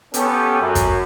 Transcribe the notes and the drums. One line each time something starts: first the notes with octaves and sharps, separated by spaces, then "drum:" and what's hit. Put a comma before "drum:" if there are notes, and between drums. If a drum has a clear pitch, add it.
B3 C#4 G4 A4, drum: hi-hat
F#2
drum: kick, hi-hat